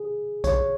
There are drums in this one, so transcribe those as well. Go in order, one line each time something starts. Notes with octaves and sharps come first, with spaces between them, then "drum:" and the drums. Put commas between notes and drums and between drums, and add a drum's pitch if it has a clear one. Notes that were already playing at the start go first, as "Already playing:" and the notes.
Already playing: G#4
C#5, drum: kick A#1, hi-hat